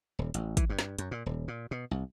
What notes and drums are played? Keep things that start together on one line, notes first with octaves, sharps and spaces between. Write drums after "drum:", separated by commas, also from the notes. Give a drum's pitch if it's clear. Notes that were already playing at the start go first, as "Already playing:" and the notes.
D#1
A1, drum: hi-hat
E3, drum: kick, hi-hat
G2
drum: snare
F#2, drum: hi-hat
A#2
D#1
A#2
B2
C2